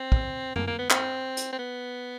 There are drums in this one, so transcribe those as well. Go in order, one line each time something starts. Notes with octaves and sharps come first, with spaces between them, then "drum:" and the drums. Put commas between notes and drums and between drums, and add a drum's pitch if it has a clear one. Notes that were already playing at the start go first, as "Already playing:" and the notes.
Already playing: C4
drum: kick
A#3, drum: tom F#2
A#3
B3
C4, drum: clap
drum: hi-hat
C4
B3